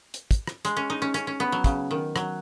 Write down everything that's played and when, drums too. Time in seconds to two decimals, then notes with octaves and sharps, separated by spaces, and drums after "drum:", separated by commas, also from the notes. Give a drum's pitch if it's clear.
0.14 drum: hi-hat
0.31 drum: kick, hi-hat
0.47 drum: rim click
0.65 G#3, drum: hi-hat
0.77 C#4
0.90 D#4
1.02 C#4
1.14 C#4, drum: hi-hat
1.27 C#4
1.40 B3
1.52 F#3
1.64 C#3, drum: kick, hi-hat
1.91 D#3
2.16 F#3, drum: rim click